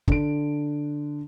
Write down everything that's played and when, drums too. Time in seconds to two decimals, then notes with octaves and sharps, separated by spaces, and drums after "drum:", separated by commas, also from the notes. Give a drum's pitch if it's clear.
0.08 D3 D7, drum: kick